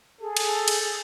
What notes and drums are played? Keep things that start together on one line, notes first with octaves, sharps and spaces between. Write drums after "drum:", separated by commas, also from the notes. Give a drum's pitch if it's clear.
G#4 A4
drum: cymbal
drum: cymbal